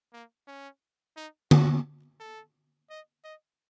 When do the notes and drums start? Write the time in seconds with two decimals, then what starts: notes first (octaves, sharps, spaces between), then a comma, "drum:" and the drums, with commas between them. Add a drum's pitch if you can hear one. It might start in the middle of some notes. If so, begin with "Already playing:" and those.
0.13 A#3
0.48 C#4
1.17 D#4
1.51 F#4, drum: tom D3
2.20 A4
2.90 D#5
3.24 D#5